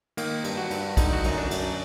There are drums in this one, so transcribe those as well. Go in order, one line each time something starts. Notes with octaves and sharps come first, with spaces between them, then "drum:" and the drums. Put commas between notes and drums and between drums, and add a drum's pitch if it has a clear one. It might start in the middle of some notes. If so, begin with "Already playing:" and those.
D#3 A#3, drum: cymbal
G2, drum: cymbal
F#4
G2, drum: cymbal
D3 D#4, drum: kick, cymbal
F#4
F#2 D#4, drum: cymbal
D4
F#2, drum: cymbal